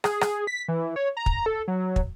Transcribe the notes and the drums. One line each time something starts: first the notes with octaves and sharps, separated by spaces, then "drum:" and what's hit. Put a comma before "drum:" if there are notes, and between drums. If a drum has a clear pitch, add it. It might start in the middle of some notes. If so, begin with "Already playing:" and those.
G#4, drum: rim click
drum: rim click
B6
E3
C#5
A#5
drum: kick
A4
F#3
drum: kick